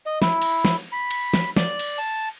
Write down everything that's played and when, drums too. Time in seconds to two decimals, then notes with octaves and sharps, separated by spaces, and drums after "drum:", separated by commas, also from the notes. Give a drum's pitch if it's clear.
0.06 D#5
0.22 E4, drum: snare
0.42 drum: cymbal
0.65 drum: snare
0.92 B5
1.11 drum: cymbal
1.34 drum: snare
1.56 D5, drum: snare
1.79 drum: cymbal
1.98 A5